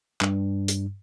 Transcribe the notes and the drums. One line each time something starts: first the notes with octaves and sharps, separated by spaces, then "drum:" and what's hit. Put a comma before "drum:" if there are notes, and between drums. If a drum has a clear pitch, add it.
G2, drum: clap
drum: hi-hat